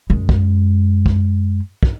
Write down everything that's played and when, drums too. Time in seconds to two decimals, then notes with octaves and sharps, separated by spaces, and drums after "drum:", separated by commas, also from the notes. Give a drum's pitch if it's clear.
0.10 F#2 G#3
0.29 drum: kick
1.06 drum: kick
1.83 drum: kick